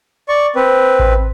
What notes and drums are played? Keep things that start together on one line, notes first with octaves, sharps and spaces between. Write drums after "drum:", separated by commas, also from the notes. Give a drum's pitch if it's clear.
D5 C#6
C4 B4
drum: kick A1